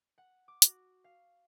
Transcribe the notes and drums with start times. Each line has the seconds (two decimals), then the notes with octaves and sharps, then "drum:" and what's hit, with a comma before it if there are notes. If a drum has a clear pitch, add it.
0.18 F#5
0.48 D6
0.62 F#4, drum: hi-hat
1.04 F5